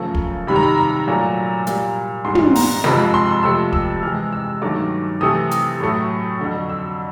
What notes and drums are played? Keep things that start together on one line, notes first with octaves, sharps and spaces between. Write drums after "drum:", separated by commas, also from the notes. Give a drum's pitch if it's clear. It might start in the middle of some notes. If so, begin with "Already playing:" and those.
Already playing: F#2 C#3 F3 A3
drum: kick
C3 D#3 G3 B5
A#5
B5
A#5
A#2 F#3 A3
A#2 G3, drum: hi-hat
G#2 E3 G3 C6
drum: tom
A#5, drum: open hi-hat
F2 C3 F3 G#3 B5, drum: snare
C6
C3 F3 A3 E6
E6, drum: kick
C3 E3 G#3 F6
E6
G2 D#3 F#3 A3 D6
C3 E3 A3 D#6
drum: hi-hat
A2 F#3 A3
F2 D3 F#3
E6